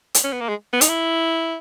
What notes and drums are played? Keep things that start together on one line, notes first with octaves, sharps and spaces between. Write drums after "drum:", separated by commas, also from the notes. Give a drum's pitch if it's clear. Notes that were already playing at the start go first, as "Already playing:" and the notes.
drum: hi-hat
C#4
B3
A#3
G#3
B3
D#4, drum: hi-hat
E4